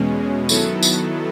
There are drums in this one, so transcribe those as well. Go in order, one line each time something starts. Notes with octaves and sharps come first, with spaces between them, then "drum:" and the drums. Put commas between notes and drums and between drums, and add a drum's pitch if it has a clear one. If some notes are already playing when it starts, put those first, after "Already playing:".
Already playing: E2 B2 G#3 C#4
D#3 F#3 B3 E4 A4, drum: tambourine
drum: tambourine